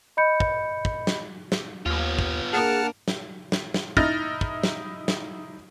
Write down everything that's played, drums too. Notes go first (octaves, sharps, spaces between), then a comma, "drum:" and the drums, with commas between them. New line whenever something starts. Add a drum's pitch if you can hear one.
D#5 B5 G6 C#7
drum: kick
drum: kick
drum: snare
drum: snare
D#2 B3 F4
drum: kick
A#3 D4 G#4 A#4 F#5 A5 F6
drum: snare
drum: snare
drum: snare
D#4 E4 F6 A6 A#6, drum: kick
drum: kick
drum: snare
drum: snare